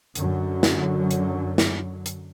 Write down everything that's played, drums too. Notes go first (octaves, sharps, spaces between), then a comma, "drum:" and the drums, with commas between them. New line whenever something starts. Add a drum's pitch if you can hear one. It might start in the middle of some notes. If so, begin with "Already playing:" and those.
F#2 D3 F#3, drum: hi-hat
drum: snare
drum: hi-hat
drum: snare
drum: hi-hat